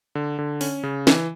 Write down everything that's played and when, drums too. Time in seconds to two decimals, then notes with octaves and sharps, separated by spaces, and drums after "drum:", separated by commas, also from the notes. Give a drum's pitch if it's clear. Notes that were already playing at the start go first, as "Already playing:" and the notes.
0.15 D3
0.39 D3
0.61 C#4, drum: open hi-hat
0.83 C#3
1.07 E3, drum: snare